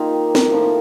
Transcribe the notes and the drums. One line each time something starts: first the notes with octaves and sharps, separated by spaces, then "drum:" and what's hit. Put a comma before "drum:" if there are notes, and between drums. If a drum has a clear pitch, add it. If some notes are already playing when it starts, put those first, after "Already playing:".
Already playing: D#3 A#3 D#4 F4 G4
drum: snare
A2 F3 A#3